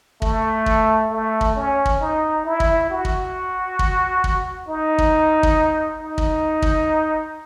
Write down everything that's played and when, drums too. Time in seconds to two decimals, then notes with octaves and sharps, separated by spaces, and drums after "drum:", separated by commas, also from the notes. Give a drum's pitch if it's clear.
0.22 A3, drum: kick
0.66 drum: kick
1.11 A3
1.41 drum: kick
1.55 C#4
1.85 drum: kick
2.01 D#4
2.45 E4
2.60 drum: kick
2.90 F#4
3.05 drum: kick
3.79 drum: kick
4.24 drum: kick
4.69 D#4
4.98 drum: kick
5.43 drum: kick
6.03 D#4
6.18 drum: kick
6.62 drum: kick